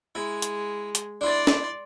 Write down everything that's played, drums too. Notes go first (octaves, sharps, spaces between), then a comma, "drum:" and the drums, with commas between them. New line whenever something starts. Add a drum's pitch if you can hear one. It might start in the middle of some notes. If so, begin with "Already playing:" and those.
G#3 E4
drum: hi-hat
drum: hi-hat
D4 E4 D5 C6
drum: snare